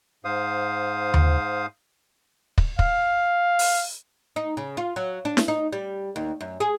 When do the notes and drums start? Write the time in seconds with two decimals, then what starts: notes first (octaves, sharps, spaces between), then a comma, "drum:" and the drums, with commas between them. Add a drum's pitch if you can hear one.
0.25 G#2 C5 F5 D#6
1.14 drum: tom D#2
2.58 drum: kick
2.79 F5, drum: kick
3.59 drum: open hi-hat
4.36 D#4
4.57 C#3
4.77 F4
4.96 F#3
5.25 D4
5.37 drum: snare
5.48 D#4
5.73 G3
6.16 D#2
6.41 F#2
6.60 G#4